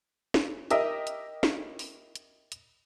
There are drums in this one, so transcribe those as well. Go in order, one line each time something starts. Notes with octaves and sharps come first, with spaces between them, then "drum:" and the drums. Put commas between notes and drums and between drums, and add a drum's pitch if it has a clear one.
drum: snare
G4 A#4 D#5 E5, drum: hi-hat
drum: hi-hat
drum: snare
drum: open hi-hat
drum: hi-hat
drum: hi-hat